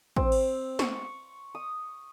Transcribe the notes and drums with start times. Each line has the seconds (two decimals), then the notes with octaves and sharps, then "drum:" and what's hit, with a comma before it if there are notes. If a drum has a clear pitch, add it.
0.16 C4, drum: kick
0.32 drum: cymbal
0.79 C#6, drum: snare
1.55 D#6